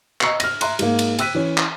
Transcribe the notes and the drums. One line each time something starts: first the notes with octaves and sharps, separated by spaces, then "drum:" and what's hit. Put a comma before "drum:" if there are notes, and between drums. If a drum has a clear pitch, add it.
D#5 A#5 C#6 E6 C7 C#7, drum: clap
F6 A#6, drum: cymbal
E5 A#5 C6 F#6, drum: cymbal
G#2 A#3, drum: cymbal
drum: cymbal
G5 E6 F#6 B6 D#7, drum: cymbal
E3 C#4
drum: clap